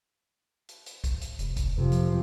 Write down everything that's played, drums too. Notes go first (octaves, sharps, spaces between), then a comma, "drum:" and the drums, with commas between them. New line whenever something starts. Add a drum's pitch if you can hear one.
drum: hi-hat
drum: hi-hat
drum: kick B1, hi-hat
drum: hi-hat
F1, drum: hi-hat
drum: kick B1, hi-hat
F2 C3 F3
drum: hi-hat